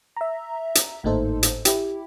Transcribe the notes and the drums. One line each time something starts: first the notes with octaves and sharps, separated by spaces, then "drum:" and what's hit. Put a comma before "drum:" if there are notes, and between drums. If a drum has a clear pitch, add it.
E5 A#5
drum: hi-hat
G#1 A2 A#3 D#4 A4 C5
drum: hi-hat
E4 G4, drum: hi-hat